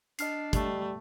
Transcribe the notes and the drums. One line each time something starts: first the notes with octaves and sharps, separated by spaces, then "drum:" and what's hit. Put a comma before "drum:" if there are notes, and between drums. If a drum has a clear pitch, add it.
D4 D#5 F6 C7, drum: hi-hat
G3 A3, drum: kick, hi-hat